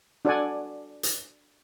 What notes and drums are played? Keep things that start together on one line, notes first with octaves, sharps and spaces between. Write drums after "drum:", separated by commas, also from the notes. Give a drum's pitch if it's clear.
D4 F#4 A4 D5 F#5 G#5
drum: hi-hat